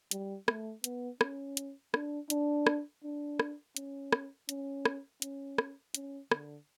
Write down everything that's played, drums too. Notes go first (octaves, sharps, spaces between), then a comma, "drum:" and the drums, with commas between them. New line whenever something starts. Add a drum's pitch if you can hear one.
G3, drum: hi-hat
A3, drum: rim click
B3, drum: hi-hat
C#4, drum: rim click
drum: hi-hat
D4, drum: rim click
D4, drum: hi-hat
drum: rim click
D4
drum: rim click
C#4, drum: hi-hat
drum: rim click
C#4, drum: hi-hat
drum: rim click
C#4, drum: hi-hat
drum: rim click
C#4, drum: hi-hat
D3, drum: rim click